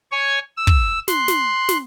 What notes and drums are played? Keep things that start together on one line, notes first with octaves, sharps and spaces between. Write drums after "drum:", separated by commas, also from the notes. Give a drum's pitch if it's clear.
C#5 G#5 C#6
E6
drum: kick
C6 F#6, drum: snare
drum: snare
drum: snare